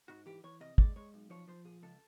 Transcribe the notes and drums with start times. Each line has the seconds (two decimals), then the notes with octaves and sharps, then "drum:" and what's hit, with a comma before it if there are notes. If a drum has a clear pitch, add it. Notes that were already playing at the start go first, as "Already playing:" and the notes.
0.08 G#2 F#4
0.26 E3 G4
0.44 E3 C#5
0.60 C3 D#5
0.78 G#3 D5, drum: kick
0.96 G#3 C#5
1.14 B1
1.30 F3 C#5
1.48 F3 C5
1.65 A#2 G#4
1.82 C#2 A4